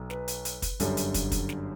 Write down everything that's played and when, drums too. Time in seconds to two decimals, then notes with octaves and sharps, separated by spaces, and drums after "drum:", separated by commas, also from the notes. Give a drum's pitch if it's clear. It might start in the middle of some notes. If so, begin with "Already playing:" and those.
Already playing: B1 B2 F#3
0.10 B4, drum: snare
0.28 drum: hi-hat
0.45 drum: hi-hat
0.62 drum: kick, hi-hat
0.80 G1 F#2 D3 G3, drum: hi-hat
0.97 drum: hi-hat
1.14 drum: kick, hi-hat
1.32 drum: kick, hi-hat
1.49 drum: snare